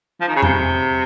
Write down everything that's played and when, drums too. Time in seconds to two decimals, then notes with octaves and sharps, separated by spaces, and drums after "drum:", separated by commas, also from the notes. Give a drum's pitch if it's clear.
0.21 F3
0.28 D#3
0.36 C#3
0.42 C3, drum: tom E2